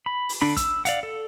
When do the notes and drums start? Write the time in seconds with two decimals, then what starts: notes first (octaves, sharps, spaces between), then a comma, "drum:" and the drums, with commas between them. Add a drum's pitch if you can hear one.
0.06 B5
0.29 drum: open hi-hat
0.41 D3 D4 B5
0.57 E6, drum: kick, hi-hat
0.85 D5 F5 F#5, drum: hi-hat
1.03 A4